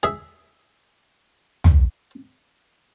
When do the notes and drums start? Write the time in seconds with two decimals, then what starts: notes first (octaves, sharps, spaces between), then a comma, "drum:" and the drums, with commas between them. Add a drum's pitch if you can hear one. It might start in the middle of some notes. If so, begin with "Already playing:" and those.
0.03 G#4 E5
1.64 drum: tom